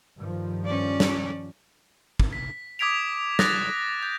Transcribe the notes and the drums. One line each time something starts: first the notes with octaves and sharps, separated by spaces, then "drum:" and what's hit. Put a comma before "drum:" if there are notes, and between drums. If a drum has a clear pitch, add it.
G2 D#3 F3
C#4 D5
drum: snare
drum: kick
B6
D6 D#6 G#6 B6 D7 F7
D6 D#6 F#6 A6 A#6, drum: snare
G6